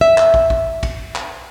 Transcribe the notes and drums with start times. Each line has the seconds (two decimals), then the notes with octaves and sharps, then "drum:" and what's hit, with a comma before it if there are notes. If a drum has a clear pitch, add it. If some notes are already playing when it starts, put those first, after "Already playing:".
0.01 E5
0.18 drum: clap
0.34 drum: kick
0.50 drum: kick
0.83 drum: kick, cymbal
1.15 drum: clap